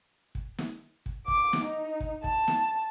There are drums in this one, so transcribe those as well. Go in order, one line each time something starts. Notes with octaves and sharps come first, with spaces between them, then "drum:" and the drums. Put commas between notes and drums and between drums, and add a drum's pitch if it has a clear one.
drum: kick
drum: snare
drum: kick
D6, drum: kick
drum: snare
D#4
drum: kick
A5, drum: kick
drum: snare